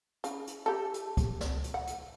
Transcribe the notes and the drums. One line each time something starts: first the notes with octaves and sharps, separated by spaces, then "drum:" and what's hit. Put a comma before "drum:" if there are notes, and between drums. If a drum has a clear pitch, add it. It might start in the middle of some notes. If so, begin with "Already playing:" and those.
C#3, drum: hi-hat
drum: hi-hat
G4 A4
drum: hi-hat
drum: kick C#2, hi-hat
drum: snare
drum: hi-hat
F#5
drum: hi-hat